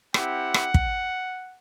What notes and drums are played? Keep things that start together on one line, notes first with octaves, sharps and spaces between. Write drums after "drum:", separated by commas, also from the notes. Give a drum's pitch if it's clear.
C4 E4 G4 F#5, drum: rim click
drum: rim click
drum: kick